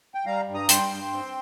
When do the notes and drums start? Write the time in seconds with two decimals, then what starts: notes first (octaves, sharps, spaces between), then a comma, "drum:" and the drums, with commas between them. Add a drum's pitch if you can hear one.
0.15 G5
0.26 G3 F5 A#5
0.48 G2
0.54 A#5 D#6
0.69 G3 G5 C6, drum: hi-hat
0.90 G2
1.12 C4